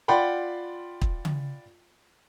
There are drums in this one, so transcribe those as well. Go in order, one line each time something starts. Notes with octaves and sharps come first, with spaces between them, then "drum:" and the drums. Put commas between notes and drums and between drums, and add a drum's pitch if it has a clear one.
F4 D5 F#5 G5 B5 C6
drum: kick
drum: tom C#3